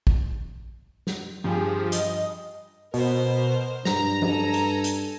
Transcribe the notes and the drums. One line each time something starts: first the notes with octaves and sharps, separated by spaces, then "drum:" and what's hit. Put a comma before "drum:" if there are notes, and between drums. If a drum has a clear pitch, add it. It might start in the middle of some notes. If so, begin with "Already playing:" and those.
drum: kick
drum: snare
G2 F3 G4 G#4
D#5, drum: hi-hat
B2 A#4 C5, drum: open hi-hat
G2 A#5, drum: snare
A4 G#5, drum: tom F3
drum: hi-hat
drum: hi-hat